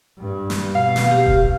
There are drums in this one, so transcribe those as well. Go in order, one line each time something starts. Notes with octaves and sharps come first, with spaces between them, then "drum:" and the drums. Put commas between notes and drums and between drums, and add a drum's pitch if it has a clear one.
G2
drum: snare
B2 F5
drum: snare
G4
drum: kick D#1